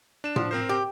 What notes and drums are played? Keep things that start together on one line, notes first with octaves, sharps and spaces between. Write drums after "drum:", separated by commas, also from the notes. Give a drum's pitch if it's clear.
D4 E7
F3, drum: tom A2
C4 A#4 C5
G4